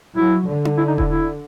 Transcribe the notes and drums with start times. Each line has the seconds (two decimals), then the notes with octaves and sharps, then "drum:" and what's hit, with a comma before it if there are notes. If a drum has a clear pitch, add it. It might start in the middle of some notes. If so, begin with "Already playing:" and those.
0.16 F#3 E4
0.47 D3
0.65 drum: tom D4
0.78 E4
0.88 D#4
0.98 E4, drum: kick E1
1.08 E4